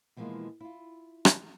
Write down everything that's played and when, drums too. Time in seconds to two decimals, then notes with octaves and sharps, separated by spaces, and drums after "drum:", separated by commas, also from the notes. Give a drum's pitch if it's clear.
0.17 B2 E3 F3 G#3 A#3
0.61 E4 F4
1.25 drum: rim click